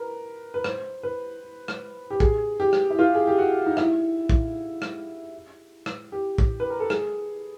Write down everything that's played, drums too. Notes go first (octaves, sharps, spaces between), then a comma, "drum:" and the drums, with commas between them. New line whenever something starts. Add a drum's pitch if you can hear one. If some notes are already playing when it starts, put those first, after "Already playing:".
Already playing: A#4 B4
B4
C5, drum: rim click
B4
drum: rim click
G4
G#4, drum: kick
G4
drum: rim click
E4
F4
G#4
G4
F#4
D#4
E4, drum: rim click
drum: kick
drum: rim click
drum: rim click
G4
drum: kick
B4
A#4
A4
G#4, drum: rim click